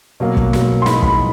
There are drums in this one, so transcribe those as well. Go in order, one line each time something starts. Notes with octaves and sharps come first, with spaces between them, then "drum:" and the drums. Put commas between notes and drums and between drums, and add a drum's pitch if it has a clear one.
B2 F#3 A#3
drum: kick
B2 F#3 A#3, drum: snare
C6
G#2 E3 G#3 B5, drum: snare
B5, drum: kick